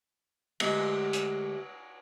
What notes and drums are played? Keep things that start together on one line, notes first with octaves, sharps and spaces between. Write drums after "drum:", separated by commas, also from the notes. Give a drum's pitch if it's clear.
D2 G#3 G4 A#4 E5, drum: cymbal
drum: hi-hat